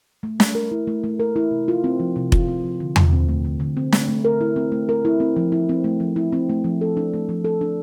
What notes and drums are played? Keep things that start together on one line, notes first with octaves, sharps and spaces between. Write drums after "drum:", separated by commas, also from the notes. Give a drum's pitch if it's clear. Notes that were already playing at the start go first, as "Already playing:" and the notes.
A3
A3, drum: snare
A#4
E4
A3
A3
A#4
E4
C3
F4
C4
F3
C3
F4, drum: kick F1
C4
F3
D3
D3, drum: tom E2
C4
A3
D3
D3
C4
A3, drum: snare
A3
A#4
E4
C4
A3
A#4
E4
C4
F3
E4
C4
A3
F3
E4
C4
A3
F3
A4
D4
A3
F3
A4
D4